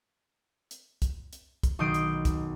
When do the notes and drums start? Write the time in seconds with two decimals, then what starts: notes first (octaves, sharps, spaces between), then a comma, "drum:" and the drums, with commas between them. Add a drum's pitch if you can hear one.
0.71 drum: hi-hat
1.02 drum: kick, hi-hat
1.33 drum: hi-hat
1.63 drum: kick, hi-hat
1.79 B1 D#3 D#6 G6 C7 D7
1.94 drum: hi-hat
2.25 drum: kick, hi-hat